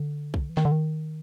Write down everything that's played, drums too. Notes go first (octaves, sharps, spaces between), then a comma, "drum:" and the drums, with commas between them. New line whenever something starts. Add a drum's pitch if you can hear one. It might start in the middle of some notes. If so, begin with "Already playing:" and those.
Already playing: D3
drum: kick B1
E3
D#3, drum: snare
D3
D#3